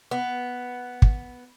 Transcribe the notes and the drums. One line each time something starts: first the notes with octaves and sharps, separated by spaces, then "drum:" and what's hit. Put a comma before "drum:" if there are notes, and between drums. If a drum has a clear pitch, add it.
B3
drum: kick